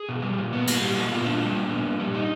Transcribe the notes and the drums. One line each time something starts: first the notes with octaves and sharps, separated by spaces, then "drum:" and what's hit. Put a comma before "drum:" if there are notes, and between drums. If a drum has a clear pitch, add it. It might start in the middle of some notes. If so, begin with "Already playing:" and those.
Already playing: G#4
B2
G3
A#2
B3
A#2, drum: cymbal
G3 G4
A#2 F#4
B3 F4
A#2 D4
G3
A#2
B3
A#2
G3
D#4